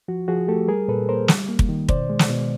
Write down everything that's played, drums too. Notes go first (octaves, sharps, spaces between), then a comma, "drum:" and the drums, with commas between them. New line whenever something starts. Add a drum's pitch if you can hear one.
F3 F#4
F3 F#4 G#4
A3 G4 A4
G3 G#4 A#4
A#2 A4 B4
A#3 A#4 C5
G3, drum: snare
A#3
drum: kick
D#3
B2 C5 D5, drum: kick
G#3
drum: snare
B2